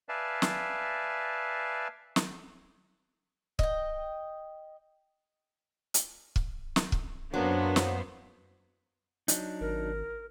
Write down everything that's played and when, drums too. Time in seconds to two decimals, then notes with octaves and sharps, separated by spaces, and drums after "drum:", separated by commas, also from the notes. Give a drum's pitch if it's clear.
0.09 B4 D5 E5 F5 G#5 A5
0.42 drum: snare
2.16 drum: snare
3.59 D#5 G5, drum: kick
5.94 drum: hi-hat
6.36 drum: kick
6.76 drum: snare
6.92 drum: kick
7.34 F#2 F#3 A#3 B3 D4 C5
7.76 drum: snare
9.28 F#3 D4 D#4, drum: hi-hat
9.61 G#1 A#4